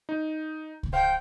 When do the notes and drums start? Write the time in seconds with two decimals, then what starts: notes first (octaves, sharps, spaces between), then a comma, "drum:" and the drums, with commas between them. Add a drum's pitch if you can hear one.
0.09 D#4
0.83 drum: kick C2
0.93 C5 F5 G5